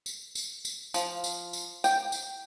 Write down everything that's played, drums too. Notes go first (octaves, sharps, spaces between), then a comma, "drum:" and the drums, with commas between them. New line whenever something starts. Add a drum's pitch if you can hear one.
drum: tambourine
drum: tambourine
drum: tambourine
F3, drum: tambourine
drum: tambourine
drum: tambourine
G5, drum: tambourine
drum: tambourine